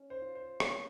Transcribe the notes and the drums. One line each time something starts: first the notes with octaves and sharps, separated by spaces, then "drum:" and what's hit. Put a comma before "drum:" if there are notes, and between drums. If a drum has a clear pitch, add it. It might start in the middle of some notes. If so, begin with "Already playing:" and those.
Already playing: C#4
C5
F4
C5
A#3 C#5, drum: rim click